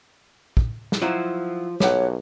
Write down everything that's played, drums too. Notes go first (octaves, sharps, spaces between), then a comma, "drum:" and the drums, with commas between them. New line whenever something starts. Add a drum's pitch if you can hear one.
drum: kick
drum: snare
F3 F#3 E4 C5
B1 G4 C#5 F#5, drum: snare